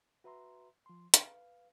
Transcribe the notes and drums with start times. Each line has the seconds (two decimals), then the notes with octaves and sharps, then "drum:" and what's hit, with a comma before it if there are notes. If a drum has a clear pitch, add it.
0.24 F#4 B4 E5 A#5 C6
0.86 F3 C6
1.14 B4 F5, drum: hi-hat